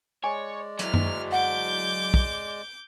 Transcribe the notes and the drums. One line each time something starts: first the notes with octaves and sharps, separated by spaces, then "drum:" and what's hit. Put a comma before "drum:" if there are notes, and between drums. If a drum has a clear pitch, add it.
G#3 C#5 D5 G#5
F#3 E4 F6, drum: hi-hat
drum: tom F#2
F#5 D6 G6
drum: kick